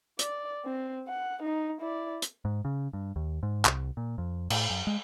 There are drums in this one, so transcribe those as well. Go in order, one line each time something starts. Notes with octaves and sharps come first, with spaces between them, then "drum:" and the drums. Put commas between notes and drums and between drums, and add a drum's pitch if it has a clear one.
D5, drum: hi-hat
C4
F#5
D#4
E4 D5
drum: hi-hat
G#2
C#3
G2
D#2
G#2
C2, drum: clap
A#2
F2
A2, drum: cymbal
F#2
G#3